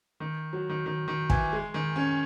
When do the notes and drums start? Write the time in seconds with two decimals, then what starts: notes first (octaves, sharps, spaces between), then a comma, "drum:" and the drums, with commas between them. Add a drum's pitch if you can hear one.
0.20 D#3
0.53 F#3
0.69 D#3
0.86 D#3
1.08 D#3
1.30 E3, drum: kick
1.53 G#3
1.74 D#3
1.96 C#4